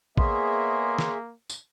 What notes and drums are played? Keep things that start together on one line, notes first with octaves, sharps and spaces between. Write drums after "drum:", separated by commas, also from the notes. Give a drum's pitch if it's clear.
A#3 B3 G#4 C#5 D#5 E5 C6, drum: kick A1
drum: snare
drum: tambourine